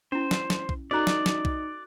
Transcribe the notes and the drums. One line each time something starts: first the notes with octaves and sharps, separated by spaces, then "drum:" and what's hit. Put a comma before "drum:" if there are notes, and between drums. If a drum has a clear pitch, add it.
C#4 E4 C5
drum: snare
drum: snare
drum: kick B1
D#4 F#4 A4 D5 A#5 F#6
drum: snare
drum: snare
drum: kick B1